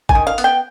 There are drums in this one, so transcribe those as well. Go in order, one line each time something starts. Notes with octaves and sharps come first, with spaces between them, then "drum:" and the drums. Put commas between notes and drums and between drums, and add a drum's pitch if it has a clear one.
G#5, drum: kick
D#3
F5
B3, drum: hi-hat
G5